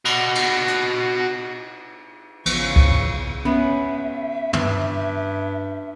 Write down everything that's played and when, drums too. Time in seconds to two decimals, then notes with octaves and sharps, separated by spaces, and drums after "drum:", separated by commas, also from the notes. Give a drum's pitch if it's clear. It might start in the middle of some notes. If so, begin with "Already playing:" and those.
0.05 F#4 D#5, drum: cymbal
0.35 drum: cymbal
0.68 drum: hi-hat
2.46 A1 C#3 E3 F3 B3 C#6, drum: cymbal
2.76 drum: kick
3.45 B3 C#4 E5
4.53 G2, drum: tom